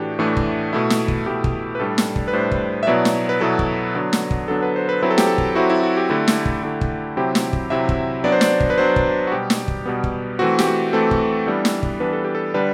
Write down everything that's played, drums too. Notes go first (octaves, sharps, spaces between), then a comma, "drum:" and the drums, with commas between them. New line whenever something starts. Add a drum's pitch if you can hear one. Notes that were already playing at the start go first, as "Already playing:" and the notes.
Already playing: A2 E3 A3 D4 F#4 G4
A2 E3 A3 D4
drum: kick
B2 A3 E4
drum: snare
drum: kick
B2 A3 E4 G4
drum: kick
B4
A2 G3 D4 A4
drum: snare
drum: kick
B4
A2 G3 D4 C5
drum: kick
E5
B2 F#3 B3 E4 D5
drum: snare
B4
B2 F#3 B3 E4 A4
drum: kick
D3 F#3 B3 D4
drum: snare
drum: kick
D3 F#3 B3 D4 A4
B4
C5
B4
F#3 C4 E4 B4
A4
G4, drum: snare
A4
drum: kick
F#3 C4 E4 F#4
E4
F#4
G4
D3 A3 E4
drum: snare
drum: kick
D3 A3 E4
drum: kick
C3 F#3 C4 E4 G4
drum: snare
drum: kick
C3 F#3 C4 E4 E5
drum: kick
F#3 B3 D4 D5
C5
D5, drum: snare
drum: kick
B4
F#3 B3 D4 C5
drum: kick
F#4
B2 G3 B3 G4
drum: snare
drum: kick
B2 G3 B3
drum: kick
E3 A3 C4 F#4
G4, drum: snare
F#4
E3 A3 C4 A4
drum: kick
E3 G3 B3 D4
drum: snare
drum: kick
E3 G3 B3 D4 B4
A4
G4
A4
D3 G3 D4 B4